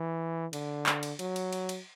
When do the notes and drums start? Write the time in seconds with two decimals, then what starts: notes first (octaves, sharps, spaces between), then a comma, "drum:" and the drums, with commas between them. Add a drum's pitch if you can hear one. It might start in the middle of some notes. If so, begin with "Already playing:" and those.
Already playing: E3
0.53 D3, drum: cymbal
0.86 drum: clap
1.03 drum: cymbal
1.19 F#3, drum: cymbal
1.36 drum: cymbal
1.53 drum: cymbal
1.69 drum: cymbal